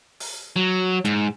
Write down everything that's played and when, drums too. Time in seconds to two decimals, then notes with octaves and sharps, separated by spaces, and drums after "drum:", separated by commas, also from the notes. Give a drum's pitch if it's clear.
0.20 drum: open hi-hat
0.56 F#3
1.05 G#2, drum: hi-hat